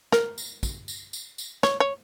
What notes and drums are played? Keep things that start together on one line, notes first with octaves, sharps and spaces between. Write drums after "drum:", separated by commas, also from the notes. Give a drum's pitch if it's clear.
A#4, drum: snare
drum: tambourine
drum: kick, tambourine
drum: tambourine
drum: tambourine
drum: tambourine
C#5, drum: snare
C#5